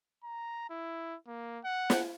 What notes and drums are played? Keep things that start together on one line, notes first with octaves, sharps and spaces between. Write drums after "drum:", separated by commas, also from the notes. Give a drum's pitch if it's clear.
A#5
E4
A#3
F#5
drum: snare